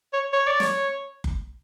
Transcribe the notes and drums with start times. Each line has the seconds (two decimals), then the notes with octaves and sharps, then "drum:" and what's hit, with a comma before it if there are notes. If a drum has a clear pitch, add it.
0.13 C#5
0.33 C#5
0.47 D5
0.60 C#5, drum: snare
1.24 drum: kick F#1